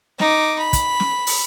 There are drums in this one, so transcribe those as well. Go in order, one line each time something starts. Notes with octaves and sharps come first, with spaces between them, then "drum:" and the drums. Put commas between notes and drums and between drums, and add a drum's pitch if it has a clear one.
D#4 D6, drum: snare
B5
drum: kick, hi-hat
drum: snare
drum: open hi-hat